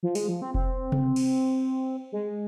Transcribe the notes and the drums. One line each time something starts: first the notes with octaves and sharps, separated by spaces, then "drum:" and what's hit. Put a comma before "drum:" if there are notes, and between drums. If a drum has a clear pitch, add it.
F3
G#3, drum: open hi-hat
F3
C4
C4, drum: kick F1
drum: tom C3
drum: cymbal
G#3